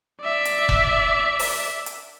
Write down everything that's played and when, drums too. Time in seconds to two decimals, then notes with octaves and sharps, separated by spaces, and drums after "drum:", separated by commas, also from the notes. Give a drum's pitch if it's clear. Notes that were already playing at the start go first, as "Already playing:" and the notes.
0.22 D5 E5
0.45 drum: hi-hat
0.69 drum: kick F1
1.39 drum: open hi-hat
1.86 drum: hi-hat